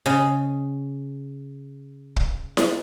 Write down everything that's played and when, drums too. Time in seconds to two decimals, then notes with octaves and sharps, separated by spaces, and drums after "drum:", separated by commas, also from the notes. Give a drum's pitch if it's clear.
0.06 C#3 D#5
2.16 drum: kick
2.57 drum: snare E4